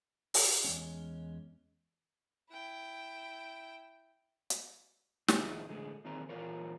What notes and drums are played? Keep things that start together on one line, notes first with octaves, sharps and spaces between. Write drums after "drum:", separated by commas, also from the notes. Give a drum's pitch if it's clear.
drum: open hi-hat
E2 G#3 C#4
E4 G5
drum: hi-hat
B2 B3 C4 G#5, drum: snare
F2 A2 D#3 G#3 E4
A2 D3 G#3
E2 A#2 D#3 C4 A#5
A#2 E3 F4 A#4 C#5